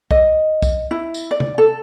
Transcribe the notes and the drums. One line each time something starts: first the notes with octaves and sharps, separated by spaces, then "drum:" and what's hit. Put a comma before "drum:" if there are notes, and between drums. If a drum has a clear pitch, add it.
D#5, drum: kick
drum: kick, tambourine
E4
drum: tambourine
D5
drum: tom C3
A4